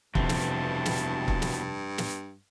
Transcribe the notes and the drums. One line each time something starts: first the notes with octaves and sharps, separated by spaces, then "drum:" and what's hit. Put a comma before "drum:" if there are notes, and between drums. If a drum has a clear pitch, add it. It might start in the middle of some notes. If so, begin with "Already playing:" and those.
F1 G2 B2 E3 C4 A5, drum: kick
drum: snare
drum: snare
drum: kick
drum: snare
drum: snare